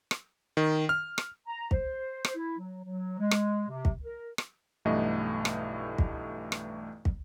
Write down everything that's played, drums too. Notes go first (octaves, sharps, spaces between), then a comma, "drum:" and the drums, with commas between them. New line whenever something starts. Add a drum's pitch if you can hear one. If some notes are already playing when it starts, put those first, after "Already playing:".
drum: rim click
D#3
F6
drum: rim click
A#5
C5, drum: kick
drum: rim click
E4
F#3
F#3
G#3
drum: rim click
C3
drum: kick
A#4
drum: rim click
B1 G2 E3 A3 D#5
drum: rim click
drum: kick
drum: rim click
drum: kick